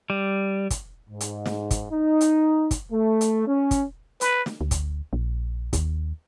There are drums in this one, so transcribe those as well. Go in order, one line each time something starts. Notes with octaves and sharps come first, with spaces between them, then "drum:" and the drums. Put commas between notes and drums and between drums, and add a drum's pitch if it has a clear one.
G3
drum: kick, hi-hat
G#2
drum: hi-hat
drum: snare
drum: kick, hi-hat
D#4
drum: hi-hat
drum: kick, hi-hat
A3
drum: hi-hat
C#4
drum: kick, hi-hat
B4, drum: hi-hat
drum: snare
D2
drum: kick, hi-hat
A#1
D#2, drum: kick, hi-hat